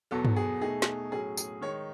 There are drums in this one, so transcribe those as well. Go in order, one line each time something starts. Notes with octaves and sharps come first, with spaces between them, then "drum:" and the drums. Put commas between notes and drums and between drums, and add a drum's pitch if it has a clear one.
E2 B2 F#3 B3 A4
drum: tom G2
G#4
B2 A3 D#4 G#4
drum: snare
A2 F#3 C#4 G#4
G#4, drum: tambourine
D#3 G#3 D#4 C#5